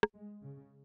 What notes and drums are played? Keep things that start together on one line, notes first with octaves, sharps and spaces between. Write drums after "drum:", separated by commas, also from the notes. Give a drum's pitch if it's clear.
drum: rim click
G#3
C#3